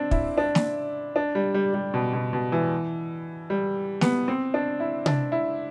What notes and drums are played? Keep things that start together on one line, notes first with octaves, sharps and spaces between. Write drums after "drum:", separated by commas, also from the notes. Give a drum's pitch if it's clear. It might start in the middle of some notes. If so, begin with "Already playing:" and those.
Already playing: C4 D4
E4, drum: kick
D4
drum: snare
D4
G3
G3
G3
B2
B2
B2
E3
G3
B3, drum: snare
C4
D4
E4
D4, drum: tom C3
E4